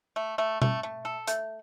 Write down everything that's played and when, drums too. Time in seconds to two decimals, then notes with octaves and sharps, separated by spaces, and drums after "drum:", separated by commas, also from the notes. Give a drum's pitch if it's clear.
0.16 A3
0.38 A3
0.62 A3, drum: tom B2
0.83 A3
1.05 A4
1.27 A3, drum: hi-hat